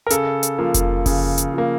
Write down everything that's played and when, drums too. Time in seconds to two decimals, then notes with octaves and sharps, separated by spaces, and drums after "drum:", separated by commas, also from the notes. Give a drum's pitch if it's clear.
0.07 A#4
0.10 C#3 A4, drum: hi-hat
0.43 drum: hi-hat
0.59 F3 A#3
0.74 drum: kick F1, hi-hat
1.06 C#3, drum: kick F1, open hi-hat
1.38 drum: hi-hat
1.54 F3 A#3